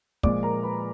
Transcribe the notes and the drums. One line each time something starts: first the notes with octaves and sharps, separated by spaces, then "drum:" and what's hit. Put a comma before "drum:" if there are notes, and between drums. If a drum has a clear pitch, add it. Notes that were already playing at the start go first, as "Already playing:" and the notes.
A#2 F3 G#3 D5 D6, drum: kick
A#4 A#5
B4 B5